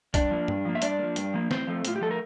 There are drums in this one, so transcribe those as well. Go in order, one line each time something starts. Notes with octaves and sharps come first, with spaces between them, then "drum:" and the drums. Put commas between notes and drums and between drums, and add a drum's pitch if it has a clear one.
G2 D4 D5, drum: kick B1, hi-hat
F3 A#3
G2, drum: tom G2
F3 A#3
E5
G2 D4 D5, drum: hi-hat
F3 A#3
G2, drum: hi-hat
F3 A#3
A2 C4 C5, drum: snare
F3 A3
A2 F4, drum: hi-hat
G4
F3 A3 A4
A#4